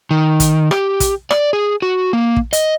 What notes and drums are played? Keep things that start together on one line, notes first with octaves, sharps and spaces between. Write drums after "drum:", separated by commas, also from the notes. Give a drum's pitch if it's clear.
D#3
drum: kick, hi-hat
G4, drum: rim click
drum: kick, hi-hat
D5, drum: rim click
G#4
F#4
A#3
drum: kick
D#5, drum: hi-hat